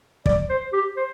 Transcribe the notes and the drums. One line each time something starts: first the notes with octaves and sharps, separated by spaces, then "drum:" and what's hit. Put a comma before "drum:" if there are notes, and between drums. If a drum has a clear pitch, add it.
D5, drum: kick
C5
G4
C5